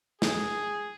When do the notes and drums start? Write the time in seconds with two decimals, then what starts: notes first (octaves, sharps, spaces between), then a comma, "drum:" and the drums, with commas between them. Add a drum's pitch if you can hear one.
0.22 G#4, drum: snare